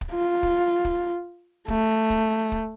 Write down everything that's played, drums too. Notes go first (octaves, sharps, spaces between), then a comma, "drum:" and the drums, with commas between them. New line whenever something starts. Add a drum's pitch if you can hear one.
drum: kick
F4
drum: kick
drum: kick
A3, drum: kick
drum: kick
drum: kick